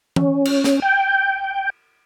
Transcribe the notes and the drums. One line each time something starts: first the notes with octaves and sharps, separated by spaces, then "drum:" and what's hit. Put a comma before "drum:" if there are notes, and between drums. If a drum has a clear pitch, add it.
C#4, drum: tom E3
drum: cymbal
drum: snare
G5